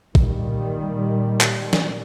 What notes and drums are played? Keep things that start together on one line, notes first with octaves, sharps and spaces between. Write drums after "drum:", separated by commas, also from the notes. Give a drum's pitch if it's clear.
A#2 D#3 G3, drum: kick
drum: clap
drum: snare